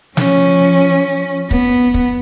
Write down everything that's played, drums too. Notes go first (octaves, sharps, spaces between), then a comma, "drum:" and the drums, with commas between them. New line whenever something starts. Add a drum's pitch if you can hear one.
F3 C#4, drum: snare
B3, drum: kick
drum: kick